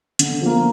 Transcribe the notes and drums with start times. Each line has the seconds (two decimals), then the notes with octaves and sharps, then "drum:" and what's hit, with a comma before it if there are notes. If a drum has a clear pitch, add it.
0.19 D3, drum: hi-hat
0.41 F3 A#3